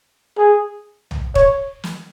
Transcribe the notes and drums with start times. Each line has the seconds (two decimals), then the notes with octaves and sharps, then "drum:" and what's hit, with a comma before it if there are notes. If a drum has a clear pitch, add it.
0.38 G#4
1.11 drum: tom B1
1.35 C#5, drum: kick
1.84 drum: snare